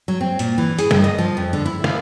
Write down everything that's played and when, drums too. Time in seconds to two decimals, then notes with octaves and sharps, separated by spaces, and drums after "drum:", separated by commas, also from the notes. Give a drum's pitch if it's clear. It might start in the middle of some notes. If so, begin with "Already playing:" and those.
0.08 F#3
0.21 C4
0.39 A#2, drum: hi-hat
0.58 E3
0.79 G#4, drum: hi-hat
0.91 G2, drum: snare
1.04 D#5
1.18 F3
1.37 F2
1.53 D3
1.66 E4
1.84 F5, drum: snare